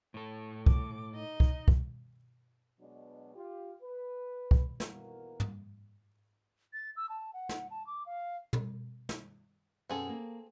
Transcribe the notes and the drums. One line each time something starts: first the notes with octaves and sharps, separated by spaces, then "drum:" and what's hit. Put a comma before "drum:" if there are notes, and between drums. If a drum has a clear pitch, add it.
A2 A4
D6, drum: kick
D#4 D#5
drum: kick
drum: kick
B2 F#3 G#3 B3 D4
F4 G4
B4
drum: kick
B1 E3 A#3 B3 F#4 A#4, drum: snare
drum: tom
A6
E6
A5
F#5
drum: snare
A5
D6
F5
drum: tom
drum: snare
F#2 B2 C4 G#4 A4
A#3